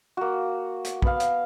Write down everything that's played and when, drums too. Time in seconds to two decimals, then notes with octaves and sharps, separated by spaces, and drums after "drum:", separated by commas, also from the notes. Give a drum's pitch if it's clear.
0.17 A#3 F#4
0.85 drum: hi-hat
1.02 B3 F5, drum: kick
1.20 drum: hi-hat